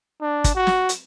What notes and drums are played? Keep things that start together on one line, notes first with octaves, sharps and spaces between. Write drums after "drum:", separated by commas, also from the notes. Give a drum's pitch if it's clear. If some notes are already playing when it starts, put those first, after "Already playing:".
D4
drum: kick, hi-hat
F#4
drum: snare
drum: hi-hat